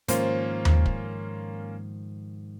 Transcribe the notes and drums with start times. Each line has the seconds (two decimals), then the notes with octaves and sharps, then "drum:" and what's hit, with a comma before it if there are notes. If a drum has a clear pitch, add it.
0.08 G#2 D#3 F3 A#3 C#4 F4 C5, drum: hi-hat
0.65 drum: tom D#2
0.86 drum: kick